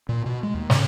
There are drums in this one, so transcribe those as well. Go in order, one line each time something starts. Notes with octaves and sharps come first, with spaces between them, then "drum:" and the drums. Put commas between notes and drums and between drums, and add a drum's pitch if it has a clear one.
A#2
B2
G#3
D#2
C#3, drum: snare